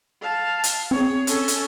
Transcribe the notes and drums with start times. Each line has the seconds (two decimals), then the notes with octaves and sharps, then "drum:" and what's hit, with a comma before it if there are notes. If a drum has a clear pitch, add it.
0.21 F5 A5
0.64 drum: hi-hat
0.91 C4 G#4 C#5
1.27 C#4 A4, drum: hi-hat
1.48 drum: hi-hat